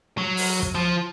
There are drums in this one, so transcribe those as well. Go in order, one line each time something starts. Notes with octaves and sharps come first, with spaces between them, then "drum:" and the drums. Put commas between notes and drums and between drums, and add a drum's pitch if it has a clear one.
F#3
drum: open hi-hat
drum: kick
F3